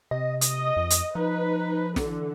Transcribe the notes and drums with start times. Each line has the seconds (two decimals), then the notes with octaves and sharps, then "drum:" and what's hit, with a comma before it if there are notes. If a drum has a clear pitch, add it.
0.11 C3 D#5
0.41 D#5 D#6, drum: hi-hat
0.76 F2
0.90 drum: hi-hat
1.15 F3 D#4 B4
1.96 D3 E3, drum: snare